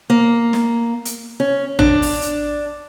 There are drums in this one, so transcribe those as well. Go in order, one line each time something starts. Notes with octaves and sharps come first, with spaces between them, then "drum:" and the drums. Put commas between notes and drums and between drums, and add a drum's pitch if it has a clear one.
A#3
drum: snare
drum: hi-hat
C#4
D4, drum: tom A1
drum: open hi-hat
drum: hi-hat